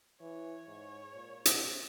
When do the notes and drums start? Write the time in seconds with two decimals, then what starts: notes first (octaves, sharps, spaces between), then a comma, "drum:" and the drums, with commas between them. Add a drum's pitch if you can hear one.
0.20 E3 C#5
0.67 G#2
1.14 A#2
1.45 C3, drum: hi-hat